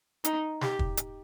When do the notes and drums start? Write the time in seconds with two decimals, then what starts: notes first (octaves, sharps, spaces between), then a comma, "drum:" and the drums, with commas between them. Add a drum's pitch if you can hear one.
0.24 D#4, drum: hi-hat
0.61 G4, drum: snare
0.79 drum: kick
0.97 drum: hi-hat